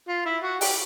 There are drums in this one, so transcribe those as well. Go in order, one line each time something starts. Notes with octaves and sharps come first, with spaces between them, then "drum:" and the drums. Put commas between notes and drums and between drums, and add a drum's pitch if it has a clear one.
F4
E4
F#4
G4, drum: open hi-hat